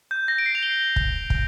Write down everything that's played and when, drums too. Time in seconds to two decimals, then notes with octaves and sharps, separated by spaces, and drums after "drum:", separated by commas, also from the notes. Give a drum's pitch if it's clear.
0.11 G6
0.28 A#6
0.38 D7
0.46 C7
0.55 F7
0.63 G7
0.96 drum: kick
1.30 drum: kick